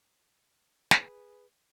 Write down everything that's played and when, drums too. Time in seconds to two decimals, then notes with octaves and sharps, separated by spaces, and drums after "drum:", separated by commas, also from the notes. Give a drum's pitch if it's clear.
0.91 G#4 B4, drum: snare